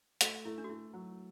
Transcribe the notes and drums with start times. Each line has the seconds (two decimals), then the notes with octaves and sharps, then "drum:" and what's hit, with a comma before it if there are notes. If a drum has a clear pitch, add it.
0.21 A3 F#4, drum: hi-hat
0.45 A3 E4
0.58 D4
0.64 F#4
0.69 A3 E4
0.93 F#3